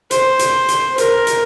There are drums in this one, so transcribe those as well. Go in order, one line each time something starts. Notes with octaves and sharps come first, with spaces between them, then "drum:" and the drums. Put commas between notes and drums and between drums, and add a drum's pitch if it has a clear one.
C5, drum: hi-hat
drum: hi-hat
drum: hi-hat
A#4, drum: hi-hat
drum: hi-hat